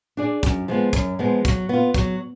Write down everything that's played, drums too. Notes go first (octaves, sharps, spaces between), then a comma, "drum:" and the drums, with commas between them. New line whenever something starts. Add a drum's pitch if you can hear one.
D4 G#4 D5
F#2, drum: kick, hi-hat
F3 G#3 B3
F#2, drum: kick, hi-hat
F3 G#3 B3
F#3, drum: kick, hi-hat
B3 F4
F#3, drum: kick, hi-hat